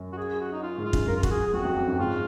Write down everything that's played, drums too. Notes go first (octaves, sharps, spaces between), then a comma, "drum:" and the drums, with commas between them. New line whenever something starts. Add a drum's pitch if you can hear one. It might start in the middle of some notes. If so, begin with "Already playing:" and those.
Already playing: F#2
F#4
G#4
F#4
D#4
F4
G#2
F4
F#2, drum: kick
F#2 A#4
F4
F#4, drum: kick
G#4
G#4
F2 F#4
F2
F2
F#2
G#2 F4